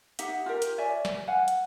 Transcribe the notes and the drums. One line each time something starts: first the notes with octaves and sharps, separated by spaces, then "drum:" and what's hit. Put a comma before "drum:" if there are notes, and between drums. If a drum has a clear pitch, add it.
D#4 G4 E5 F#5, drum: hi-hat
F4 G4 A#4
drum: hi-hat
C#5 D5 E5 G#5
drum: snare
F5 F#5 G#5
drum: hi-hat